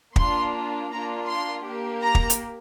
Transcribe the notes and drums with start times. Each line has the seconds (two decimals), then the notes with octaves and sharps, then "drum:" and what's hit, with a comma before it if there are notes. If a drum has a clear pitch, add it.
0.16 A#3 D4 F4 C6, drum: kick
0.91 A#3 D4 F4 A#5
1.29 C6
1.66 A#3 G4
2.03 A#5
2.15 drum: kick
2.30 drum: hi-hat